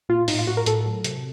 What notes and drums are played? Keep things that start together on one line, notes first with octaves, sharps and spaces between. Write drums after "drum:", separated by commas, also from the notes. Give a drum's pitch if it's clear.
A#2 F4
A2 D#4, drum: open hi-hat
F4
A2 F#4
A#4
A2 A4, drum: hi-hat
F#3
C3, drum: hi-hat